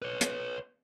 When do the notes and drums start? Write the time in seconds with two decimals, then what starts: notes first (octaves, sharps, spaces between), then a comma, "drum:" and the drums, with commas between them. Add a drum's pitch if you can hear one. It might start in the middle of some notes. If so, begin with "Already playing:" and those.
0.02 B4 C#5
0.21 drum: hi-hat